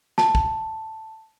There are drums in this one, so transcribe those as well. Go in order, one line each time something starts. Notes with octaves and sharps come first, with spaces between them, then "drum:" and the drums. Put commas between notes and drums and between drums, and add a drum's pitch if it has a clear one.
A5, drum: snare
drum: kick